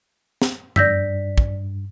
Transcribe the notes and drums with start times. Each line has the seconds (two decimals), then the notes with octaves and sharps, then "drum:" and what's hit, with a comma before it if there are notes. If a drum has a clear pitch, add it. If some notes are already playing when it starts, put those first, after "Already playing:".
0.42 drum: snare
0.76 G2 D5 E6 G6 A#6 B6, drum: tom F#2
1.38 drum: kick